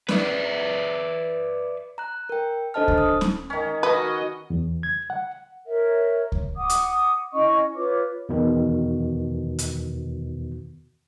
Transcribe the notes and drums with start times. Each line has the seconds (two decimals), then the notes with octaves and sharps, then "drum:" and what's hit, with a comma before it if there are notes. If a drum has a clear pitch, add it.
0.09 B4 D5 E5, drum: snare
1.98 A#5 F#6
2.29 A#4 G5
2.74 D4 A4 C5 D#5 A5 F6
2.88 drum: kick C#2
2.98 D#6
3.21 drum: snare
3.50 D#3 C#4
3.83 F#4 B4 D#5
4.50 E2
4.83 G#6
5.10 F#5
5.66 A#4 C#5 E5
6.32 drum: kick C#2
6.57 F#5 D6 D#6
6.70 drum: hi-hat
7.34 C#4 E4 D#5 C#6
7.75 F4 B4 C#5 D6
8.29 E2 B2 D#3
9.59 drum: hi-hat